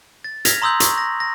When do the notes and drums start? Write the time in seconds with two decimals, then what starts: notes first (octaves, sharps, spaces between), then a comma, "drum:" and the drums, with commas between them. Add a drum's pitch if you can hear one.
0.24 A6
0.45 F6 G#6 A#6 B6 F7, drum: hi-hat
0.62 A#5 C6 D#6 E6 G6 F#7
0.80 C#6, drum: hi-hat
0.98 A#6
1.20 A#6